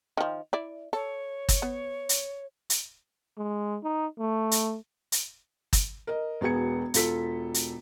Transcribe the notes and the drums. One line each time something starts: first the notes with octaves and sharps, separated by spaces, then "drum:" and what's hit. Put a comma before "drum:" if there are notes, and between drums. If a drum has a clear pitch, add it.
D#3 F3
E4 D5
A4 C#5
drum: kick, hi-hat
B3
drum: hi-hat
drum: hi-hat
G#3
D#4
A3
drum: hi-hat
drum: hi-hat
drum: kick, hi-hat
A#4 D#5
E1 B3 F#4 G#4 G#6 C#7
E1 F4 A4 B6, drum: hi-hat
drum: hi-hat